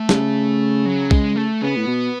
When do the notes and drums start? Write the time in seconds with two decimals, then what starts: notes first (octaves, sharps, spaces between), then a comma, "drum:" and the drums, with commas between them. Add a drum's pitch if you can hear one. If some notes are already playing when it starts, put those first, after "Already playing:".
Already playing: A3
0.09 C#3, drum: snare
0.86 F#3
1.11 G#3, drum: kick
1.36 A3
1.62 C#3 B3
1.77 A2
1.87 B2